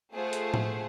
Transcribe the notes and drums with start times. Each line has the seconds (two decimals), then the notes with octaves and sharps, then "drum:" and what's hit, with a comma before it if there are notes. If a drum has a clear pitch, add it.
0.12 A3 F4 G#4 C5 F#5
0.33 drum: hi-hat
0.54 drum: tom A2